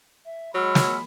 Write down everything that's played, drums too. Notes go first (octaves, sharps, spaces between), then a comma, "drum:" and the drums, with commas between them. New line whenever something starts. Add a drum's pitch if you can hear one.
E5
F#3 G#3 F#5 B5 E6 F6
drum: snare